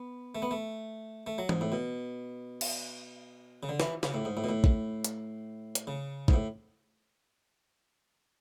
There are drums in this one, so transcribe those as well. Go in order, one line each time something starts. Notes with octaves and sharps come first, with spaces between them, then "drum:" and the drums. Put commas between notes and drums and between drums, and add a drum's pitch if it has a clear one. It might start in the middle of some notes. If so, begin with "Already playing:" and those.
Already playing: B3
A3
B3
A3
A3
F#3
G#2, drum: tom E3
A2
B2
drum: cymbal
C#3
D3
E3, drum: snare
C#3, drum: snare
A2
G#2
A2
B2
A2
drum: kick
drum: hi-hat
drum: hi-hat
C#3
G#2, drum: kick
A2